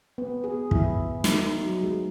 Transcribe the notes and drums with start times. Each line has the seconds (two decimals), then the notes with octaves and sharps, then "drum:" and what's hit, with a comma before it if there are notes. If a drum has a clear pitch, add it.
0.18 B3
0.44 G#4
0.71 E4, drum: kick
1.24 D#4, drum: snare
1.59 F#3
1.83 G#3